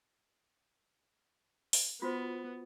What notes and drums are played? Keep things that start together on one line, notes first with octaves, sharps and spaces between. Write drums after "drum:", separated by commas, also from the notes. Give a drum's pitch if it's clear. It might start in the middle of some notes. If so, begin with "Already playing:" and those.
drum: open hi-hat
B3 F4 F#4 C5